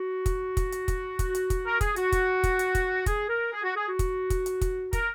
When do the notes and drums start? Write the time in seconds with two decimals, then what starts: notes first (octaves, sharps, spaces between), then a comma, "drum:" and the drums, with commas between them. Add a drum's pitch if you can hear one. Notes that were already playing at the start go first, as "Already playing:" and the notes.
Already playing: F#4
0.26 drum: kick, hi-hat
0.57 drum: kick, hi-hat
0.72 drum: hi-hat
0.88 drum: kick, hi-hat
1.19 drum: kick, hi-hat
1.35 drum: hi-hat
1.50 drum: kick, hi-hat
1.66 A#4
1.81 G#4, drum: kick, hi-hat
1.96 F#4, drum: hi-hat
2.12 drum: kick, hi-hat
2.44 drum: kick, hi-hat
2.59 drum: hi-hat
2.75 drum: kick, hi-hat
3.06 G#4, drum: kick, hi-hat
3.29 A#4
3.53 G#4
3.64 F#4
3.76 G#4
3.88 F#4
3.99 drum: kick, hi-hat
4.30 drum: kick, hi-hat
4.46 drum: hi-hat
4.61 drum: kick, hi-hat
4.93 A#4, drum: kick, hi-hat